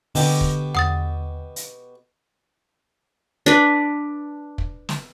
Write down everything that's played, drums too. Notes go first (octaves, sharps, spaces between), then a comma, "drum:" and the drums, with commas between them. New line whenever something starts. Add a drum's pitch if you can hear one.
B2 D3 G4 A4, drum: open hi-hat
drum: kick
F#5 D#6 A6, drum: tom E2
drum: hi-hat
D4 B4
drum: kick
drum: snare